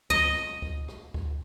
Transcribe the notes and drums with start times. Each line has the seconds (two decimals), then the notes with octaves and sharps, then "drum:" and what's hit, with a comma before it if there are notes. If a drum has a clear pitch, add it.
0.10 D#5, drum: kick C#2
0.36 drum: rim click
0.62 drum: kick C#2
0.88 drum: rim click
1.14 drum: kick C#2